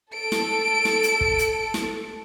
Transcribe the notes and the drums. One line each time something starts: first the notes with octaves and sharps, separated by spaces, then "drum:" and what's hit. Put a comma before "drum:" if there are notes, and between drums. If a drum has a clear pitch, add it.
A4 D7
drum: snare
drum: snare
drum: hi-hat
drum: kick
drum: hi-hat
drum: snare